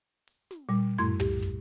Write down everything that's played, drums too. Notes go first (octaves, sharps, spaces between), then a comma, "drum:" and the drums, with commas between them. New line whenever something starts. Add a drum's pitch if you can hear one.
drum: open hi-hat
drum: snare
A#2 G3
F#2 A2 A3 E4 C6 G#6, drum: hi-hat
G4, drum: tom
drum: kick, open hi-hat